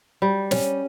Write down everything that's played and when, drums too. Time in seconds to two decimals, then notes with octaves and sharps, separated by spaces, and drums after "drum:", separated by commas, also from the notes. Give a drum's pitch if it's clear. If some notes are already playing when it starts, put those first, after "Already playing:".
0.22 G3
0.51 C#4, drum: snare